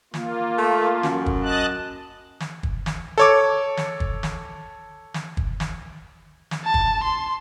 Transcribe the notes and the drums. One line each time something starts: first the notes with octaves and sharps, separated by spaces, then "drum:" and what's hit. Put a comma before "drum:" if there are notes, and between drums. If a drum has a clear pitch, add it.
A#3 F4, drum: snare
A3
F#2, drum: snare
drum: kick
D#5 A5 F#6
drum: snare
drum: kick
drum: snare
A4 C#5 D6
drum: snare
drum: kick
drum: snare
drum: snare
drum: kick
drum: snare
drum: snare
A5
drum: kick
C6